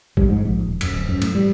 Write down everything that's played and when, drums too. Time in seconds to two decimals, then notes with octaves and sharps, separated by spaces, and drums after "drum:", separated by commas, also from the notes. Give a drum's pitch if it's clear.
0.17 G3, drum: kick
0.29 G#2
0.45 A#1
0.66 D#1
0.81 F#2, drum: cymbal
0.94 D1
1.09 F#2
1.22 A2, drum: cymbal
1.35 G3